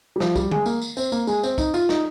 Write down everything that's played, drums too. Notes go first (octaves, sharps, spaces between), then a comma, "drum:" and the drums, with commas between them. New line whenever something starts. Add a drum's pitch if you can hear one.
G3
F3, drum: snare
G3, drum: kick, tambourine
G#3, drum: tom D3
A#3, drum: tambourine
drum: tambourine
C4, drum: tambourine
A#3, drum: tambourine
G#3, drum: tambourine
C4, drum: tambourine
D#4, drum: kick, tambourine
F4, drum: tambourine
D#4, drum: snare